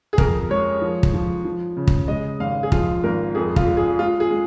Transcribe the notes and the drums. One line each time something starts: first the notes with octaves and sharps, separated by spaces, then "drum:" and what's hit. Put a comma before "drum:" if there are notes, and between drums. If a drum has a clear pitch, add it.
G#4
F2 A#4, drum: kick
G#3 C#5
F3
drum: kick
F3
F3
C#3
drum: kick
G#3 D#5
G#1 F5
G#4
F3 F4, drum: kick
G#1 A#4
F2 G#4
F4, drum: kick
G#3
G#4
G#3 F4
G#4
G#3